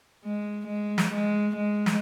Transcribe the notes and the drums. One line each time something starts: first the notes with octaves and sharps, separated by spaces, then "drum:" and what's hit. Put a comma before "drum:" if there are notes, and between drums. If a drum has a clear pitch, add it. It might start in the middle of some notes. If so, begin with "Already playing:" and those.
G#3
G#3
drum: snare
G#3
G#3
drum: snare